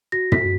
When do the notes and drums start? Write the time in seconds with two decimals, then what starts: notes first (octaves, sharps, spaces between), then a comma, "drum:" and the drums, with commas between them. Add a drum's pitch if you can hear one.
0.12 F#4 A#6
0.32 B6, drum: tom
0.41 F#4